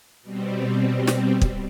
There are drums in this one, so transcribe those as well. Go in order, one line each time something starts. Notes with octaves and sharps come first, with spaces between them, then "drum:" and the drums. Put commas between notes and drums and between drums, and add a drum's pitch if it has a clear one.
B2 G3 C4
drum: snare
drum: kick